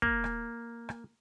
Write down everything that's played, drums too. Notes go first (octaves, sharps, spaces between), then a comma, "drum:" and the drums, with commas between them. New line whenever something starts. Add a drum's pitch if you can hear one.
A#3, drum: kick
drum: rim click
drum: rim click